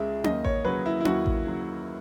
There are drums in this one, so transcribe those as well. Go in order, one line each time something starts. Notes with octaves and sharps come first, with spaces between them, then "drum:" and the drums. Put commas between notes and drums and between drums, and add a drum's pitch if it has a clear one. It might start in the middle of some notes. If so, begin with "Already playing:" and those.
Already playing: C#2 C#3 G#3 E5
D#2 D#5, drum: tom C#4
C#5, drum: kick A1
C#3 F#3 B4
E4
E4
D#2 F#4, drum: tom C#4
drum: kick A1
C#3 F#3